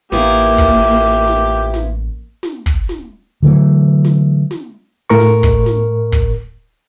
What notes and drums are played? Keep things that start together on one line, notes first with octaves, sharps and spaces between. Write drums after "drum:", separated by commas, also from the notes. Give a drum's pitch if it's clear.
A1 A#3 B3 E4 F4 G4, drum: snare
drum: kick
drum: snare
drum: snare
drum: snare
drum: kick
drum: snare
D3 E3 F#3 A3
drum: snare
drum: snare
A2 A#4 C#6
drum: snare
drum: kick
drum: snare
drum: kick